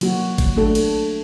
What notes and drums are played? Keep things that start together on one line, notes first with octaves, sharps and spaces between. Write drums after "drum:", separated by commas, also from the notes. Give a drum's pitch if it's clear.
F#3 A#3 F#4, drum: cymbal
drum: kick G#1, cymbal
A3 D4 A4
drum: cymbal